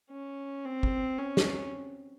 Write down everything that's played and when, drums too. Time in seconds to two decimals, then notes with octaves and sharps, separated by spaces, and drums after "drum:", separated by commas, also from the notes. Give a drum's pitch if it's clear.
0.11 C#4
0.65 C4
0.83 drum: kick G#1
1.18 C#4
1.37 drum: snare